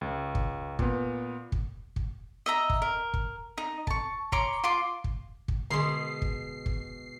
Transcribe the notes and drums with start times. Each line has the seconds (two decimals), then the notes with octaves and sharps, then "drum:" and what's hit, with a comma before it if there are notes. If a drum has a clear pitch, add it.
0.01 C#2
0.35 drum: kick
0.79 A#2 B3, drum: kick
1.52 drum: kick
1.96 drum: kick
2.46 D#5 E5 A#5
2.70 drum: kick
2.82 A#4
3.14 drum: kick
3.58 D#4
3.87 A5 C#6, drum: kick
4.32 C#5 A#5 C6 D6, drum: kick
4.64 F4 C6 D6
5.04 drum: kick
5.48 drum: kick
5.70 B2 D3 G#3 C6 C7
6.22 drum: kick
6.66 drum: kick